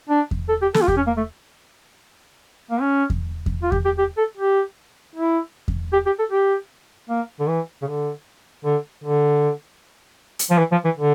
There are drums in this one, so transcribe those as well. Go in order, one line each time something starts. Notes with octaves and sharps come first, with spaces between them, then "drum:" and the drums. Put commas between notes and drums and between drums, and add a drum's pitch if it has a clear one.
D4
drum: kick E2
A4
G4
A4, drum: snare
F4
G4, drum: kick E2
C#4
A#3
A3
A#3
C#4
drum: kick E2
drum: kick E2
F4
G4, drum: kick E2
G4
G4
A4
G4
E4
drum: kick E2
G4
G4
A4
G4
A#3
D3
E3
C#3
D3
D3
D3
drum: hi-hat
F3
E3
F3
E3
D3